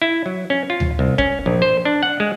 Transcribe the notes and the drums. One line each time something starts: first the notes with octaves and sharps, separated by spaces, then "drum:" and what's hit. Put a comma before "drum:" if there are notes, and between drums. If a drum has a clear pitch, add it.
E4
F#3
C#4
F4
drum: tom D2
C2
C#4, drum: kick
A#1
C5
D4
F#5
G#3